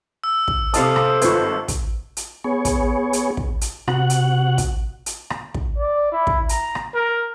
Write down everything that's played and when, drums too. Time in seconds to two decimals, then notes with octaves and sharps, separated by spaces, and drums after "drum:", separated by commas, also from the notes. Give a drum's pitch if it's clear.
0.24 E6
0.48 drum: kick
0.74 C3 E4 A4 C5 D#5 F5 A5 D#6, drum: hi-hat
0.96 drum: rim click
1.21 G#1 G2 F4 B4 C#6, drum: hi-hat
1.68 drum: kick, hi-hat
2.17 drum: hi-hat
2.44 B3 G#4 C#5
2.65 drum: kick, hi-hat
3.13 drum: hi-hat
3.37 drum: kick
3.61 drum: hi-hat
3.88 C3 F#4 F#5, drum: rim click
4.10 drum: hi-hat
4.58 drum: kick, hi-hat
5.06 drum: hi-hat
5.30 drum: rim click
5.54 drum: kick
5.78 D5
6.12 E4
6.27 drum: kick
6.49 A#5, drum: hi-hat
6.75 drum: rim click
6.94 A#4